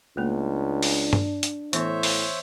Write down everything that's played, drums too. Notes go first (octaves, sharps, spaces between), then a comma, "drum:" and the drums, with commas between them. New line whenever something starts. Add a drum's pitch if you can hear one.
C#2 A3 A#3 D4
drum: open hi-hat
drum: tom
drum: hi-hat
A2 E3 B3 C5 C#5 E5, drum: hi-hat
drum: open hi-hat